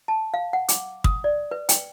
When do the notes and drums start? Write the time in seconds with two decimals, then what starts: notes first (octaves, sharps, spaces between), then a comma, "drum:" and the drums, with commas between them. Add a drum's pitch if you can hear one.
0.08 A5
0.34 F5
0.53 F#5
0.69 D6, drum: hi-hat
1.04 D#6, drum: kick
1.24 D5
1.51 B4
1.69 G5, drum: hi-hat